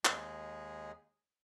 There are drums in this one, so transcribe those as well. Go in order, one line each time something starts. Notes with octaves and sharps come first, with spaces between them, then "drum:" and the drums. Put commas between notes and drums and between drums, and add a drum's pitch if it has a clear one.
D#2 G#3 G#4, drum: clap